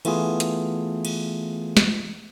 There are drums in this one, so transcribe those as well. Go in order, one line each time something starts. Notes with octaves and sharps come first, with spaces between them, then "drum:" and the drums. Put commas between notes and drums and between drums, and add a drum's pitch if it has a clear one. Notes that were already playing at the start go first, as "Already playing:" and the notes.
E3 A3 B3 F4 G#4, drum: cymbal
drum: hi-hat
drum: cymbal
drum: snare